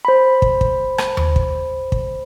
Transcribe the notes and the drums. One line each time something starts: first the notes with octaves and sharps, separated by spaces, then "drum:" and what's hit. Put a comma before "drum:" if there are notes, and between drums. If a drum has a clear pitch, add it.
C5 B5
drum: kick
drum: kick
drum: rim click
drum: tom D#2
drum: kick
drum: kick